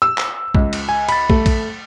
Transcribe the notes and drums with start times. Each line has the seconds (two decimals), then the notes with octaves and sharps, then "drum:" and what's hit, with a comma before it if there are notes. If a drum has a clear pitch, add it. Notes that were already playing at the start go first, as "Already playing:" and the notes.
0.02 E6
0.18 drum: clap
0.55 C#2, drum: kick
0.73 drum: cymbal
0.89 G#5
1.09 B5 A6, drum: cymbal
1.30 A3, drum: kick
1.46 drum: kick, cymbal